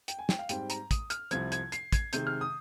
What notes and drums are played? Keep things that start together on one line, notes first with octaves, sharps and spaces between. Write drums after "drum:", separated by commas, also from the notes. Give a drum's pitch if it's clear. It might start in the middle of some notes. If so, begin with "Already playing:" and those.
G5, drum: hi-hat
G#5
G5, drum: snare
F5
G#2 G3 C4 G5, drum: hi-hat
A#5, drum: hi-hat
D#6, drum: kick, hi-hat
F6, drum: hi-hat
C2 C3 F3 G#6, drum: hi-hat
G#6, drum: hi-hat
C7, drum: hi-hat
G#6, drum: kick, hi-hat
C3 D#3 G#3 G6, drum: hi-hat
F6
D#6